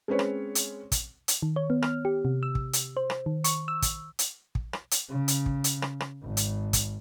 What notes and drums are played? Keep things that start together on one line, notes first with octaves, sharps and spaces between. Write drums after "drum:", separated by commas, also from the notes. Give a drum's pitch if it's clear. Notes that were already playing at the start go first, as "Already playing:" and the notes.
G#3 C4 C#4 B4 C#5
drum: rim click
drum: hi-hat
drum: kick, hi-hat
drum: hi-hat
D#3
C#5
B3
F6, drum: rim click
G4
C3
E6
drum: kick
drum: hi-hat
C5
drum: rim click
D#3
C#6, drum: hi-hat
E6
drum: kick, hi-hat
drum: hi-hat
drum: kick
drum: rim click
drum: hi-hat
C#3
drum: hi-hat
drum: kick
drum: hi-hat
drum: rim click
drum: rim click
G#1
drum: hi-hat
drum: kick, hi-hat